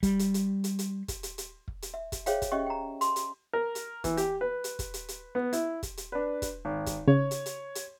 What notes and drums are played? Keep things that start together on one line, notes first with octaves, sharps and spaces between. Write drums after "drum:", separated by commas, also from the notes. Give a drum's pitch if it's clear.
G3, drum: kick, hi-hat
drum: hi-hat
drum: hi-hat
drum: hi-hat
drum: hi-hat
drum: kick, hi-hat
drum: hi-hat
drum: hi-hat
drum: kick
drum: hi-hat
E5
drum: kick, hi-hat
G#4 C5 C#5 E5 F5 G5, drum: hi-hat
drum: kick, hi-hat
C#4 G4 D#5 E5 G5 C#6
G5 A#5
C6, drum: hi-hat
drum: hi-hat
A#4
drum: hi-hat
E3, drum: kick, hi-hat
G4, drum: hi-hat
B4
drum: hi-hat
drum: kick, hi-hat
drum: hi-hat
drum: hi-hat
B3
E4, drum: hi-hat
drum: kick, hi-hat
drum: hi-hat
D4 B4
drum: kick, hi-hat
G#1
drum: kick, hi-hat
C#3 C#5
drum: hi-hat
drum: hi-hat
drum: hi-hat